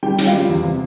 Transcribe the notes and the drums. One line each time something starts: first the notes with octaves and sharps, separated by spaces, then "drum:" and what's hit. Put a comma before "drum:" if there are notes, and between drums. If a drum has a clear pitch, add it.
G3 G4 G5
G3, drum: open hi-hat
F4 F5
G3
E2
C3